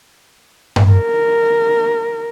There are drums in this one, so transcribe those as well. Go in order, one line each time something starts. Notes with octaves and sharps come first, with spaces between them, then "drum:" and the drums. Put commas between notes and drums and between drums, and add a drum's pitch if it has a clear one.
drum: tom G2
A#4